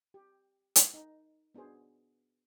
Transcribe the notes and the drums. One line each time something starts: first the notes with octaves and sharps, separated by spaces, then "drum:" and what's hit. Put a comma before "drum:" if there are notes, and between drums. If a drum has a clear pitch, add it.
G4
drum: hi-hat
D#4
B3 D4 F#4 G#4 C5